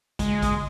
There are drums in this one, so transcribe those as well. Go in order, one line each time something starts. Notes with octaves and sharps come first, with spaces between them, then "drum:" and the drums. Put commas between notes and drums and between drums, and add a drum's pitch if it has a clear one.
G#3, drum: kick, hi-hat
drum: kick, hi-hat